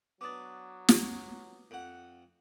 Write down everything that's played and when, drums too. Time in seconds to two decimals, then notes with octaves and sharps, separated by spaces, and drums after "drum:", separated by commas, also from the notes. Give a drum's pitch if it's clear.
0.21 F#3 B3 D4 D6 D#6 A6
0.89 drum: snare
1.71 F2 F#5